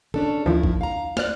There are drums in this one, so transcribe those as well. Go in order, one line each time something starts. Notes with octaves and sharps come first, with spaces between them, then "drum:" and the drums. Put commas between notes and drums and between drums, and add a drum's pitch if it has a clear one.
C#4 D4 A4, drum: tom D3
D#2 D#3 F3 E4
drum: kick
F5 A#5
C5 D5 F6 F#6, drum: snare